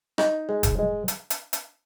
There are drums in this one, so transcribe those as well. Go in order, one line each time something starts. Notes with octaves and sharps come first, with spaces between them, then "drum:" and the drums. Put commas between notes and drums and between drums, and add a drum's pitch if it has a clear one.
D#4, drum: rim click
G#3
drum: kick, hi-hat
G#3
drum: hi-hat
drum: hi-hat
drum: hi-hat